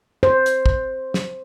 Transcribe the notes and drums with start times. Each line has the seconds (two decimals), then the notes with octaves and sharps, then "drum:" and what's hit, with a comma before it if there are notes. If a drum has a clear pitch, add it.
0.23 C5
0.46 drum: hi-hat
0.66 drum: kick
1.14 drum: snare